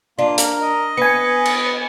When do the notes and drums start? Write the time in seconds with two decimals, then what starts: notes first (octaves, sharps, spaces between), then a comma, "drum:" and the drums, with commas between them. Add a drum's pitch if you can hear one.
0.19 A#3 D4 F4
0.38 A#4, drum: hi-hat
0.61 D#5
0.97 B3 B4 G#5 C#7
1.45 drum: cymbal